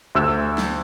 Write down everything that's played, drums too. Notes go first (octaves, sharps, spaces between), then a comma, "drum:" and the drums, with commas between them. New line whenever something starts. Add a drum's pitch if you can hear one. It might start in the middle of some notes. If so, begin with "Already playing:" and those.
D2 E6
drum: snare